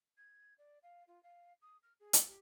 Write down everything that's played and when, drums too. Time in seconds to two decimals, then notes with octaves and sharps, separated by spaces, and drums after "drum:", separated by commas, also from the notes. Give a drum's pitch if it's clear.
0.17 G#6
0.58 D5
0.82 F5
1.07 F4
1.23 F5
1.61 D#6
1.83 F6
1.99 G#4
2.13 drum: hi-hat
2.27 G4